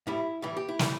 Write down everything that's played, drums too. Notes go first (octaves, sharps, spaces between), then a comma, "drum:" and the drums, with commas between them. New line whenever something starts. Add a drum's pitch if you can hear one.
A2 G3 E4
A2 E3 G3 E4
G4
E4
A2 E3 G3, drum: snare